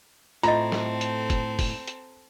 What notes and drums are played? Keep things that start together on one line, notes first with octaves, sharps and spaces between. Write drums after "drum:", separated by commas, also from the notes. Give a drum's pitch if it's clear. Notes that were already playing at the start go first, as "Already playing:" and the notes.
A2 C4 F4 A4 D#5 A#5, drum: hi-hat
drum: snare
drum: hi-hat
drum: kick, hi-hat
drum: kick, open hi-hat
drum: hi-hat